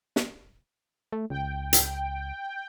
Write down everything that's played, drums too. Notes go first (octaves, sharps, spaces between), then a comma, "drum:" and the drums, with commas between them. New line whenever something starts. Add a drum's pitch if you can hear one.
drum: snare
A3
C#2 G5
drum: hi-hat